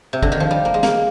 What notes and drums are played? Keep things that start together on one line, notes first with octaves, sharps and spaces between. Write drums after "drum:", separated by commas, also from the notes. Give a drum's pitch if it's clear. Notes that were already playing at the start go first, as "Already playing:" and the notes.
C3
D3, drum: kick
D#3
F3
G3
A#3
G#3
A#3, drum: snare